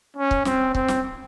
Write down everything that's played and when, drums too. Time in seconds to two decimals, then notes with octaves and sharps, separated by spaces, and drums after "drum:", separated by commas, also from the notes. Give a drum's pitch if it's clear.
0.16 C#4
0.31 drum: kick C#1
0.45 C4, drum: snare
0.75 C4, drum: kick C#1
0.88 drum: snare